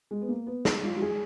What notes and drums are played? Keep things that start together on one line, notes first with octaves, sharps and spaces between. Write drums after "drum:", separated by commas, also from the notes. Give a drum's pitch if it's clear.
G#3
B3
A#3
B3
G#3, drum: snare
F4
F#4
G#4